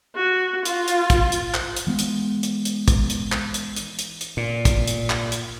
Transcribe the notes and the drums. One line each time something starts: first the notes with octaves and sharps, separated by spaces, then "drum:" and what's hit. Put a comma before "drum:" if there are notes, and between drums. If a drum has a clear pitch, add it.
F#4
F4, drum: hi-hat
drum: hi-hat
drum: kick, hi-hat
drum: hi-hat
drum: clap
drum: hi-hat
E3 G#3 B3
drum: hi-hat
drum: hi-hat
drum: hi-hat
drum: kick, hi-hat
drum: hi-hat
drum: clap
drum: hi-hat
drum: hi-hat
drum: hi-hat
drum: hi-hat
A#2
drum: kick, hi-hat
drum: hi-hat
drum: clap
drum: hi-hat